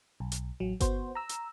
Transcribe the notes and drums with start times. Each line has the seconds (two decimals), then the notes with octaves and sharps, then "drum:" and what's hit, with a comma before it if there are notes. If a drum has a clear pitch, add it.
0.20 B1
0.32 drum: hi-hat
0.60 A1 F#3
0.80 B3 F#4 C5, drum: kick G1, hi-hat
1.15 A#5 E6
1.29 drum: hi-hat